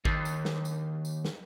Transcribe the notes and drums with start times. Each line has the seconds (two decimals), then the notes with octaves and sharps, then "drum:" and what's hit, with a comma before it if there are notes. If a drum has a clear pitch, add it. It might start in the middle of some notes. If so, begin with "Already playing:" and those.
0.05 D#2, drum: kick G#1
0.25 drum: tambourine
0.45 drum: snare
0.65 drum: tambourine
1.05 drum: tambourine
1.25 drum: snare